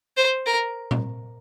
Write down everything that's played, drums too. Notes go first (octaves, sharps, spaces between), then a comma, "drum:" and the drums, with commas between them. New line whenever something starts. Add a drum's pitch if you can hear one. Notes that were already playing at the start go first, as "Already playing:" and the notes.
C5
A#4
drum: tom A#2